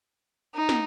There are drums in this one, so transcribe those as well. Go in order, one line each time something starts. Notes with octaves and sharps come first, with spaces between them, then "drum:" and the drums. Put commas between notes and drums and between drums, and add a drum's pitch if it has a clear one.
D#4
drum: snare